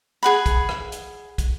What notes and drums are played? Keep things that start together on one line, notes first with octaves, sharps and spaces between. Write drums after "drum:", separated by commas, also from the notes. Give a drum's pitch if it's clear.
G#4 F#5 B5
drum: kick, hi-hat
drum: rim click
drum: hi-hat
drum: kick, hi-hat